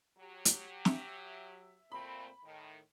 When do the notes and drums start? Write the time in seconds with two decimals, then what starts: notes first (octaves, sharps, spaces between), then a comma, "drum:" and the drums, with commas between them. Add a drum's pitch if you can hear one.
0.18 F#3 G4
0.45 drum: hi-hat
0.85 E5, drum: snare
1.92 A#2 A3 C4 B5
2.44 A2 D#3